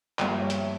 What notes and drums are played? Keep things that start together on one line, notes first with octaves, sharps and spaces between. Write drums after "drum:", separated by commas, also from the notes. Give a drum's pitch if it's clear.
G2 F3 A#3 E5 G5, drum: clap
C#5 E5
C#5 E5, drum: hi-hat